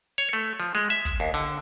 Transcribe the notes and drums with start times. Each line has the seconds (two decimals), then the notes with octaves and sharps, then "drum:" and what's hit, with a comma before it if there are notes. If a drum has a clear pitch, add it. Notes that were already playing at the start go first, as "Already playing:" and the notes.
0.18 C#5
0.33 A3, drum: hi-hat
0.60 F3, drum: hi-hat
0.75 G#3
0.90 E5
1.05 drum: kick, hi-hat
1.20 D#2
1.34 D3